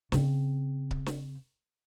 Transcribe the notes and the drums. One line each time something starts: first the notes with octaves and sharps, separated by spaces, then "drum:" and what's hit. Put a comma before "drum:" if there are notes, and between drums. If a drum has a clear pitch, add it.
C#3 C4, drum: snare
drum: kick C#1
drum: snare